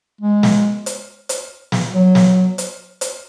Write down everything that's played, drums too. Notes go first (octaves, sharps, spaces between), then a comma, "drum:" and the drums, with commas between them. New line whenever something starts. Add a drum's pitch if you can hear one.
G#3
drum: snare
drum: hi-hat
drum: hi-hat
drum: snare
F#3
drum: snare
drum: hi-hat
drum: hi-hat